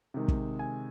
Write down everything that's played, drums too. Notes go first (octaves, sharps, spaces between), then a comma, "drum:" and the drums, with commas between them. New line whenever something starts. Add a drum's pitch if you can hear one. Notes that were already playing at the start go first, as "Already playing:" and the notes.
C3 D#3 G#3
drum: kick
G#5